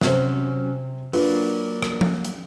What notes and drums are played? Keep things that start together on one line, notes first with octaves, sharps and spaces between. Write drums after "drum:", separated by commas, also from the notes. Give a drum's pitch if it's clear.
C3 F#3 C#4 C5, drum: snare
F#3 A#3 D4 F4 B4 D5, drum: open hi-hat
drum: rim click
drum: tom F3
drum: hi-hat